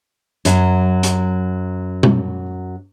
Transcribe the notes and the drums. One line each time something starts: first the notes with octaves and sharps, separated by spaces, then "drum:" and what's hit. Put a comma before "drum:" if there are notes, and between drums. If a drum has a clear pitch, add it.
F#2 F#3, drum: hi-hat
drum: hi-hat
drum: tom